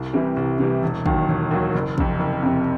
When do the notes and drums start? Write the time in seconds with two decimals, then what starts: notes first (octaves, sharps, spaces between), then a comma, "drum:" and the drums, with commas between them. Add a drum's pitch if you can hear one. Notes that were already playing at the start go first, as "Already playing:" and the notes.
Already playing: C2
0.13 C3 E3 G3
0.37 C2
0.59 C3 E3 G3
0.83 E1
1.06 D#2 D#3 F#3, drum: kick
1.29 E1
1.51 D#2 D#3 F#3
1.75 F#1
1.98 F2 C3, drum: kick
2.20 F#1
2.42 F2 C3